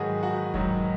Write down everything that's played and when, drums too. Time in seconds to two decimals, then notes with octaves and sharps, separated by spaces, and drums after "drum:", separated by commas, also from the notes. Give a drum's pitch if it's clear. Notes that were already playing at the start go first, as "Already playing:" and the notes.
Already playing: G#2 D#3 F#3 F#4 G#4 B4
0.23 F#4
0.54 G#2 D#3 F#3, drum: kick E1